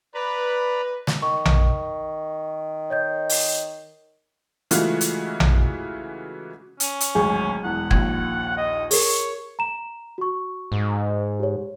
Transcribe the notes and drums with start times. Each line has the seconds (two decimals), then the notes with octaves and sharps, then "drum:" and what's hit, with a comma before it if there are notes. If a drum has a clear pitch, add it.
0.14 B4 D5 A#5 B5
1.07 drum: snare
1.22 D#3 C#6
1.45 drum: tom A#1
2.90 C#5 D#5 G6
3.29 drum: open hi-hat
4.71 C#3 E3 G#3 A3 F4 F#4, drum: hi-hat
5.01 drum: hi-hat
5.40 drum: tom A#1
6.80 C#4, drum: hi-hat
7.01 drum: hi-hat
7.15 D1 G#1 G#4 G#5 C#6
7.64 E1 E2 F#5
7.91 A#1 D#2 G#6, drum: kick
8.57 D#5
8.91 G#4 A#4 C#5, drum: open hi-hat
9.59 A#5 E7
10.18 F#4 C#6
10.72 G#2
11.40 G4 C#5